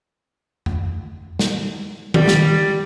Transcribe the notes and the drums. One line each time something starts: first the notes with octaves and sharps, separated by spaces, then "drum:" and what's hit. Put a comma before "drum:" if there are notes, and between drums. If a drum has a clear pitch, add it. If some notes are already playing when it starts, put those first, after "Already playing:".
drum: tom F2
drum: snare
G3, drum: tom D#3
drum: snare